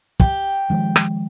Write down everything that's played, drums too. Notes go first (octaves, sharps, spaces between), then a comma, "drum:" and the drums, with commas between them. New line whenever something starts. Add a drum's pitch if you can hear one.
G4, drum: kick
D#3 F3 G#3
drum: rim click